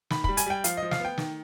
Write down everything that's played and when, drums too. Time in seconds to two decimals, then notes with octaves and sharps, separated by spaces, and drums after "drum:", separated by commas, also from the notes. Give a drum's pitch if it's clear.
0.10 D#3 B5, drum: snare
0.24 G3 B5, drum: kick
0.37 G#5, drum: hi-hat
0.46 G3 G5
0.64 F3 F5, drum: hi-hat
0.77 D#5
0.83 F3
0.91 F5, drum: snare
1.00 B3 G5
1.18 D#3, drum: snare